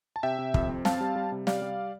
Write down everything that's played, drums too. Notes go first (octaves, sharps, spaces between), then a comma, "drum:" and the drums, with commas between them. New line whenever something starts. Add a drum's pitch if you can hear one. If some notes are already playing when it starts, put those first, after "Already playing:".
A5
C3 E5 G5
C3
F2, drum: kick
C4
C4 F5 A5, drum: snare
G3
G3
C3
G3 D5 F5, drum: snare
G3